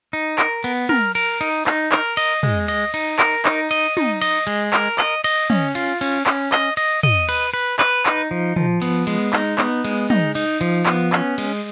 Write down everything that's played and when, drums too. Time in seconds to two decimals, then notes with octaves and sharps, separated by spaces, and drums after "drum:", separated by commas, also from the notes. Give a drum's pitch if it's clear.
0.13 D#4
0.38 A#4, drum: clap
0.64 B3, drum: cymbal
0.89 A#4, drum: tom
1.15 A#4, drum: cymbal
1.41 D#4, drum: cymbal
1.67 D#4, drum: clap
1.92 A#4, drum: clap
2.17 D#5, drum: cymbal
2.43 G#3, drum: tom
2.68 D#5, drum: cymbal
2.94 D#4, drum: cymbal
3.19 A#4, drum: clap
3.45 D#4, drum: clap
3.71 D#5, drum: cymbal
3.97 D#4, drum: tom
4.22 D#5, drum: cymbal
4.47 G#3, drum: cymbal
4.73 A#4, drum: clap
4.99 D#5, drum: clap
5.24 D#5, drum: cymbal
5.50 C#4, drum: tom
5.75 F4, drum: cymbal
6.01 C#4, drum: cymbal
6.26 C#4, drum: clap
6.52 D#5, drum: clap
6.77 D#5, drum: cymbal
7.03 D#5, drum: tom
7.29 B4, drum: cymbal
7.54 B4
7.79 B4, drum: clap
8.06 D#4, drum: clap
8.31 F3
8.56 F3, drum: tom
8.82 B3, drum: cymbal
9.07 G#3, drum: cymbal
9.33 D#4, drum: clap
9.58 B3, drum: clap
9.84 G#3, drum: cymbal
10.10 D#4, drum: tom
10.35 D#4, drum: cymbal
10.61 F3, drum: cymbal
10.86 B3, drum: clap
11.13 C#4, drum: clap
11.38 G#3, drum: cymbal